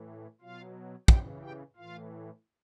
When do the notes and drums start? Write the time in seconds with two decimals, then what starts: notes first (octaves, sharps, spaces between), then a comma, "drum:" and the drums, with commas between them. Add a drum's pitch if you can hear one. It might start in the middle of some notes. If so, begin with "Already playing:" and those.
Already playing: A2 E3
0.41 B2 F#3 F4 F5
1.08 C#3 E3 G4 G5, drum: kick
1.42 G4 G5
1.76 A2 E3 F4 F5